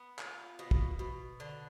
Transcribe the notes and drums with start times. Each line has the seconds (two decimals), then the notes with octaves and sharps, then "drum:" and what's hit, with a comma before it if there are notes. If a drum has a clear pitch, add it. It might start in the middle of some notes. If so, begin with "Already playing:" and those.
Already playing: B3
0.19 F4, drum: clap
0.59 B2
0.71 drum: kick
0.99 B2
1.40 D3